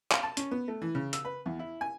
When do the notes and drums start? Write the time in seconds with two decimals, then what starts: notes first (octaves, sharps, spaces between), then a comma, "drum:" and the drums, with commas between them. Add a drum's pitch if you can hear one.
0.12 F5, drum: clap
0.23 A5
0.37 C#4, drum: hi-hat
0.51 B3
0.68 A3
0.82 E3
0.95 C#3
1.13 E6, drum: hi-hat
1.25 B4
1.46 E2
1.59 E4
1.81 G#5